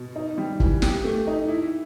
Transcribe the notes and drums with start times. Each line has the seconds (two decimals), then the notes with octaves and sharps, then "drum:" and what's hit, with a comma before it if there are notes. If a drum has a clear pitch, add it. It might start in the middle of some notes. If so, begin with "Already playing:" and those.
Already playing: B2
0.16 D#4
0.38 G3
0.60 E3, drum: kick
0.82 G4, drum: snare
1.04 A3
1.27 D#4
1.48 E4